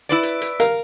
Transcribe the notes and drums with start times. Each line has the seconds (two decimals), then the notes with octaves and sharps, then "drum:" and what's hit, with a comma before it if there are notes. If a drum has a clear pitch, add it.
0.09 E4 B4 D5
0.23 drum: hi-hat
0.41 drum: hi-hat
0.60 A#4 F5, drum: hi-hat